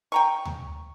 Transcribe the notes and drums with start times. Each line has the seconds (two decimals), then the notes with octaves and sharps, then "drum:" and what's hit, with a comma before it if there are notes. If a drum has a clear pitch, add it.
0.12 G5 A#5 C#6
0.45 drum: tom D2